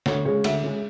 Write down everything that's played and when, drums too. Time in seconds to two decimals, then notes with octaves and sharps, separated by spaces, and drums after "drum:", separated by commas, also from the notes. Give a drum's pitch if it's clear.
0.06 D2 C#5, drum: snare
0.25 C#3 G#3 C#5
0.44 D2 E5, drum: cymbal
0.63 C#3 G#3